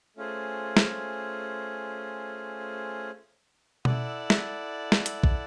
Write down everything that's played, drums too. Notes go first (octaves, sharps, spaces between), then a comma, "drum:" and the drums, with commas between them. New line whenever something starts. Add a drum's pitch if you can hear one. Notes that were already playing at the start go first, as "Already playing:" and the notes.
A3 C#4 F4 G#4 C5
drum: snare
E4 A4 D5 F#5, drum: tom B2
drum: snare
drum: snare
drum: hi-hat
drum: kick A#1